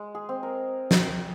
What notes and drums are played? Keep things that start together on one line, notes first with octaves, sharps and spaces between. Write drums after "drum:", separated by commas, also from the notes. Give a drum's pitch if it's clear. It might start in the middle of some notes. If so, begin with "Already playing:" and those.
Already playing: G#3
G#4
C4
A#4
drum: snare